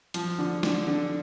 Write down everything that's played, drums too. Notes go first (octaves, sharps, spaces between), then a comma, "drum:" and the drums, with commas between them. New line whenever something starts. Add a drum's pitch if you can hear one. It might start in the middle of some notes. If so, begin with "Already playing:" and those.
F3, drum: hi-hat
D3
D3, drum: snare
D3